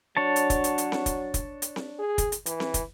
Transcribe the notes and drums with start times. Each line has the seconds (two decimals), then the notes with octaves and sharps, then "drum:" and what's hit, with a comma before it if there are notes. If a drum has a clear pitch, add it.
0.17 F#3 D4 C#5 A5
0.36 drum: hi-hat
0.50 drum: kick, hi-hat
0.64 drum: hi-hat
0.78 drum: hi-hat
0.92 drum: snare C4
1.06 drum: kick, hi-hat
1.34 drum: kick, hi-hat
1.62 drum: hi-hat
1.76 drum: snare C4
1.99 G#4
2.18 drum: kick, hi-hat
2.32 drum: hi-hat
2.46 E3, drum: hi-hat
2.60 drum: snare C4
2.74 drum: kick, hi-hat